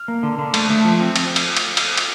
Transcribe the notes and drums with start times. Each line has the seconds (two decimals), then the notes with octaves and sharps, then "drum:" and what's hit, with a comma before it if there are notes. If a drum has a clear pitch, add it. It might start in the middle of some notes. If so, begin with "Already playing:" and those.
Already playing: F6
0.08 A#3
0.23 D3
0.39 D3
0.54 A3, drum: cymbal
0.70 A3
0.85 F3
1.00 C4
1.16 drum: cymbal
1.36 drum: cymbal
1.57 drum: cymbal
1.77 drum: cymbal
1.98 drum: cymbal